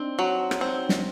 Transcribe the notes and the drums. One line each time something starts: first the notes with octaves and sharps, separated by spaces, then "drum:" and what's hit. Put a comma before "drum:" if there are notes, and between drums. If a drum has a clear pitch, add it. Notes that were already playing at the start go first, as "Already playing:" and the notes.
Already playing: C4 D4 D#4
F#3 F#4
drum: rim click
C4
drum: snare